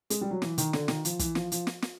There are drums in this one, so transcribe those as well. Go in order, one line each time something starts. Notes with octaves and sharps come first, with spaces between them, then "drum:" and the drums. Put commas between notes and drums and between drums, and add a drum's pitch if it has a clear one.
G#3, drum: hi-hat
G3
F#3
E3, drum: snare
D#3, drum: hi-hat
D3, drum: snare
D#3, drum: snare
F3, drum: hi-hat
E3, drum: kick, hi-hat
F3, drum: snare
F3, drum: hi-hat
drum: snare
drum: snare